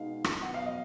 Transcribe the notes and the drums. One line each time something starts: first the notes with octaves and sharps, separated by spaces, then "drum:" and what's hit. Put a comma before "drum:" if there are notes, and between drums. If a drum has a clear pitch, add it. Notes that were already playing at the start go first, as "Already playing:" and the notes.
Already playing: B2 G#3 D#4 F5
drum: rim click
B2 F#3 B3 F#5
F5
D#5